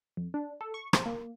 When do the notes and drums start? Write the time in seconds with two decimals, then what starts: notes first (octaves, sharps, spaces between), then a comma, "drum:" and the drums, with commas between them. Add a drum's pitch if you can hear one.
0.17 F2
0.34 D4
0.61 A4
0.74 C#6
0.93 C5, drum: rim click
1.06 A#3